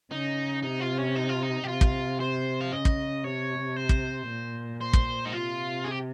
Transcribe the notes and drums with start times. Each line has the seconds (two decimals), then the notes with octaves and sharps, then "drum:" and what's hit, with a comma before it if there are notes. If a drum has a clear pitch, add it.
0.12 C#3 D#4
0.64 C3 D#4
0.81 F4
0.98 C#4
1.16 D#4
1.29 F4
1.43 D#4
1.64 G4
1.67 C3 F4
1.81 drum: kick
2.20 C5
2.61 F5
2.72 C#3 D#5
2.85 drum: kick
3.24 C3 C#5
3.76 C5
3.89 drum: kick
4.29 A#2
4.81 C5
4.93 drum: kick
5.25 D#4
5.32 C3 F4
5.85 G#4
5.92 G4